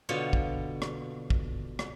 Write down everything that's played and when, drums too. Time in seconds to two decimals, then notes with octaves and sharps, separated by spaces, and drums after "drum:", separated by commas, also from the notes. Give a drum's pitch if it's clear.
0.09 B2 D3 F4 C#5
0.33 drum: kick
0.82 drum: rim click
1.30 drum: kick
1.79 drum: rim click